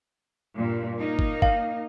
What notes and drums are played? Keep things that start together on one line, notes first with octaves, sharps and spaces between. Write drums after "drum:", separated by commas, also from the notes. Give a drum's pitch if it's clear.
G2 A#2
A#3 D#4
drum: kick G1
F5, drum: kick G1